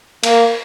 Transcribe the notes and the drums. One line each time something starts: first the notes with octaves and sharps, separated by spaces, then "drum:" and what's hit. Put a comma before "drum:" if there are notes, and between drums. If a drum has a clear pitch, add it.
A#3, drum: cymbal